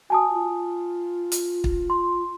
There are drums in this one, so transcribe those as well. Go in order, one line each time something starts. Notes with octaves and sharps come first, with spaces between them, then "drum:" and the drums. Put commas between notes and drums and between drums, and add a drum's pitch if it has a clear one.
F#4 G#5 A5 D#6
F4
drum: hi-hat
drum: kick
C6